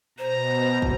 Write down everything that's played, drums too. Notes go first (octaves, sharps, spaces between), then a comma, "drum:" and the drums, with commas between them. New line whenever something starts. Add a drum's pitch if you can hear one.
B2 C5 A#5
drum: kick